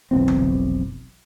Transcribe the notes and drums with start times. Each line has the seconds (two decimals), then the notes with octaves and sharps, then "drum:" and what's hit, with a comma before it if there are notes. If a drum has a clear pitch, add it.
0.11 F1 B1 E3 C4
0.28 drum: tom D3